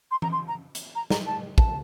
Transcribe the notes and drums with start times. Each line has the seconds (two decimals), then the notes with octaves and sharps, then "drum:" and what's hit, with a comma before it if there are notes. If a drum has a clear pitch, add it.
0.11 C6
0.22 A#5, drum: tom E3
0.32 C6
0.48 A#5
0.75 drum: hi-hat
0.95 A#5
1.10 A#5, drum: snare
1.26 A5
1.58 A5, drum: kick